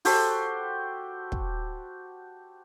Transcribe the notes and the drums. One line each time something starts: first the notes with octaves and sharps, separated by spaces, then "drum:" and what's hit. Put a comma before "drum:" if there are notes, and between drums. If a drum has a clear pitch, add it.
F#4 G4 A4 C5, drum: open hi-hat
drum: kick